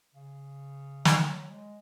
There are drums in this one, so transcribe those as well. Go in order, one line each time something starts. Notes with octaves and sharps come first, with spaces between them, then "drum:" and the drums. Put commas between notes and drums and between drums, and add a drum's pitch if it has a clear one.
C#3
D#3, drum: snare
F#3
G#3